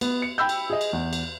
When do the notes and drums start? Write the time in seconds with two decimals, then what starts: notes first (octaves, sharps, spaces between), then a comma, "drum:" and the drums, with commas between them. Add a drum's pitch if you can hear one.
0.01 B3, drum: cymbal
0.22 C#7
0.38 G5 B5 E6 G6
0.49 drum: cymbal
0.70 G#4 D#5
0.81 drum: cymbal
0.93 E2
1.13 drum: cymbal